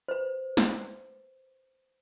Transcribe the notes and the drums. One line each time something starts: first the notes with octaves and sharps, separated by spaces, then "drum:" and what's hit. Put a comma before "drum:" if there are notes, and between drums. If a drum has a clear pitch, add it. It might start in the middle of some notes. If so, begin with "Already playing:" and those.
B4 C5
drum: snare